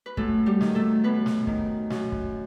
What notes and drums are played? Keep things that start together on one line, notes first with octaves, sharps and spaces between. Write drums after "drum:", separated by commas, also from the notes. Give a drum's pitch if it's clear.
B4
F#2 A3 A4, drum: kick
G3 G4
D#3, drum: snare
A3 A4
F#2 B3 B4
drum: snare
D#3, drum: kick
F#2, drum: snare
drum: kick